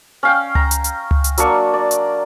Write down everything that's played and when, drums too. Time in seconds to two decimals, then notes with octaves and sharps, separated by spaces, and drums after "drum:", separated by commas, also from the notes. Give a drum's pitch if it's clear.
0.23 C#4 F5 G5
0.55 A#5, drum: tom C#2
0.71 drum: hi-hat
0.84 drum: hi-hat
1.11 drum: tom C#2
1.24 drum: hi-hat
1.37 F#3 A#3 D4 C#6, drum: hi-hat
1.74 D5
1.91 drum: hi-hat